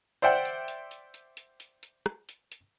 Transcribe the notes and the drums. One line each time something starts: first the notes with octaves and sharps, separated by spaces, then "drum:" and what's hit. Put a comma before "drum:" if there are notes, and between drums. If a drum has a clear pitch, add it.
C5 D5 E5 F#5 G5, drum: hi-hat
drum: hi-hat
drum: hi-hat
drum: hi-hat
drum: hi-hat
drum: hi-hat
drum: hi-hat
drum: hi-hat
drum: rim click
drum: hi-hat
drum: hi-hat